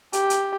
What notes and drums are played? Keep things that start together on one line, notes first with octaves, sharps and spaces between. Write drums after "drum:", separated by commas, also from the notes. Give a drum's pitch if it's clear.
G4, drum: hi-hat
drum: hi-hat